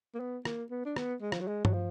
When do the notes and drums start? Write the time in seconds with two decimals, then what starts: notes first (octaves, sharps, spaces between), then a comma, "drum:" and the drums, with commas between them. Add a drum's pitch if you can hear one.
0.14 A#3
0.20 B3
0.45 A#3, drum: rim click
0.71 B3
0.85 D4
0.96 B3, drum: rim click
1.21 G#3
1.32 F3, drum: rim click
1.40 F#3
1.48 G#3
1.65 F#3, drum: tom G2
1.73 F3